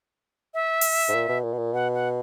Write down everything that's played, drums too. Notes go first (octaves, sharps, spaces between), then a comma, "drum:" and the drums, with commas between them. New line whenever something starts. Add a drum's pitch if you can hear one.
E5
drum: open hi-hat
G#2
A#2
B2
A#2
B2
A#2
B2 F#5
F#5